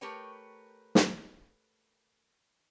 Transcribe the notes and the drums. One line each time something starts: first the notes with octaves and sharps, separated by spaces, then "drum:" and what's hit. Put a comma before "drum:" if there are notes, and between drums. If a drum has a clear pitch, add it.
A3 G4 A#4 B4 C#5 G5
drum: snare